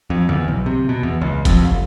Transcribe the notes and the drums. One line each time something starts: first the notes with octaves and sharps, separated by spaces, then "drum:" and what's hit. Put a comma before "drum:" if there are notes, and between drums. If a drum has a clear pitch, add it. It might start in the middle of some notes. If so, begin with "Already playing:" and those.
F2
E2, drum: tom D3
B1
C3
B2
E2
C#2
F2, drum: kick F1, hi-hat
F1